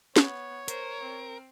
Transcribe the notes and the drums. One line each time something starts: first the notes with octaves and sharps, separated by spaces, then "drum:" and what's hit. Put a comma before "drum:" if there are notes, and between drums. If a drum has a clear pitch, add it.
B3 C#5, drum: snare
A#4 C5, drum: hi-hat
C4